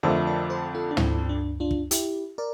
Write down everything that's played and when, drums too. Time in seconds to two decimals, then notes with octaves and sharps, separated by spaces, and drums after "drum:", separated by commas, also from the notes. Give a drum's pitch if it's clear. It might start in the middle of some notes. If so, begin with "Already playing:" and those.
0.03 F2 D3 F3 A3 A#4 D5
0.27 A#4 D5
0.50 A4 C5
0.75 F4 A4
0.91 D4
0.97 C4 E4, drum: tom
1.18 C4
1.29 D4
1.60 D4 F4
1.71 drum: kick
1.91 E4 G4, drum: hi-hat
2.38 A#4 D5